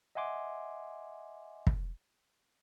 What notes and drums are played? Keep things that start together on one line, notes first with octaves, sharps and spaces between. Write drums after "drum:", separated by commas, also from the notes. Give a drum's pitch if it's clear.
D#5 E5 F#5 G#5 C6 D6
drum: kick